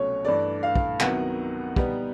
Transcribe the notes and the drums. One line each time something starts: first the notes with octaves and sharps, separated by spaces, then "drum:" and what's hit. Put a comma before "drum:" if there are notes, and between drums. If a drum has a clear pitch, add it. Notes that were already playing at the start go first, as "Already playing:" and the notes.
Already playing: C2 B2 F#3 A3 C#4 C#5
G2 E3 A3 D5
F5
drum: kick
C2 C3 D#3 F#3 B3 F#5, drum: clap
G3 B3 D#4 G4 B4, drum: kick